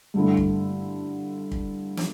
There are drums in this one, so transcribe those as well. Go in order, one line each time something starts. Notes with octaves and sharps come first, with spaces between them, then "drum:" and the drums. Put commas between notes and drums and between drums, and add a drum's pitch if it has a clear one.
G2 D3 A3 E4
drum: kick
drum: kick
drum: snare